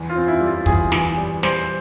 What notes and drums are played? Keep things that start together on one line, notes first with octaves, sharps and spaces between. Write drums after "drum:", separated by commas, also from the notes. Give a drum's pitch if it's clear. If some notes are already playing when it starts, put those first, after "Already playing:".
Already playing: E2
F4
C4
E4
G3
F4
E2 G#4, drum: kick
E3, drum: snare
G3
G3 C5, drum: snare